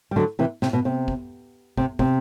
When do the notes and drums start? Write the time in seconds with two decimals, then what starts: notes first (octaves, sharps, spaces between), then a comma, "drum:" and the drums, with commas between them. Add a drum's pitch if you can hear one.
0.11 G3
0.16 D3 F#3
0.39 C3 E3
0.62 C3, drum: snare
0.73 B2
0.85 C3
1.08 drum: kick
1.77 C3, drum: kick
1.99 C3, drum: kick